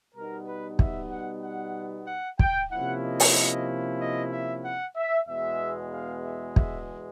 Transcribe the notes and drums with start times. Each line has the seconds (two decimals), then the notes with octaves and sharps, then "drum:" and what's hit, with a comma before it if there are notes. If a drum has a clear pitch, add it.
0.15 B2 G3 B3 D#4 A#4
0.47 B4
0.79 E5, drum: kick
1.11 F#5
1.43 F#5
2.07 F#5
2.39 G5, drum: kick
2.72 C3 F3 A#3 C#4 E4 F#5
3.04 D#5
3.20 drum: open hi-hat
4.00 D#5
4.32 E5
4.64 F#5
4.96 E5
5.28 E2 B2 G#3 E5
5.92 F5
6.25 E5
6.56 E5, drum: kick